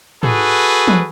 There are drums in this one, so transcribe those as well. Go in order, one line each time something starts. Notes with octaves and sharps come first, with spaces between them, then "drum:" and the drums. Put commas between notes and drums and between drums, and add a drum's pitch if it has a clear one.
F#4 G#4 A4 B4, drum: tom
drum: tom E3